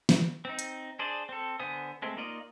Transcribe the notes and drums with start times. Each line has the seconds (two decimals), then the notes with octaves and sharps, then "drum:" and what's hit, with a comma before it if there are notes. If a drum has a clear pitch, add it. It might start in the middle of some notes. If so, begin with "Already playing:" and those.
0.09 drum: snare
0.45 C4 D#4
0.59 drum: hi-hat
0.99 D4 G#4 C5 D5
1.29 C4 A4
1.60 D3 B3 C5 G#5 D#6
2.02 G#3 A3 C4
2.17 A#3 D#4 F4 D5 D#5